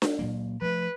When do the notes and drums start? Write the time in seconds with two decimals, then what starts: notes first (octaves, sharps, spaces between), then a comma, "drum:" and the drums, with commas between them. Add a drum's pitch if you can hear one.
0.02 drum: snare D4
0.19 A#2 F#3 A#3
0.62 F3 F#3 A3 B4